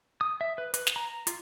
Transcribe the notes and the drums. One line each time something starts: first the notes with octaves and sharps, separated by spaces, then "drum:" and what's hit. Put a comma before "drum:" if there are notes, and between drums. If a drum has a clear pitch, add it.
D#6
E5
B4
B4, drum: hi-hat
drum: snare
A#5
F4, drum: hi-hat